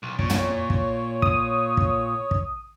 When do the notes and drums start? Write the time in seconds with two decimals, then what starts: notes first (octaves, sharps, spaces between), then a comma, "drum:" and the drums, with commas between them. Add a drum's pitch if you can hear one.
0.03 B1
0.19 A#2 C#5, drum: kick
0.30 drum: tom
0.70 drum: kick
1.22 D#6, drum: kick
1.77 drum: kick
2.31 drum: kick